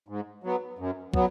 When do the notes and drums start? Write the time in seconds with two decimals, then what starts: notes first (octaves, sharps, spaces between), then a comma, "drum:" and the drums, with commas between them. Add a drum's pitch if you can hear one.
0.08 G#2
0.44 F#3 B3
0.79 F#2
1.14 F#3 B3, drum: kick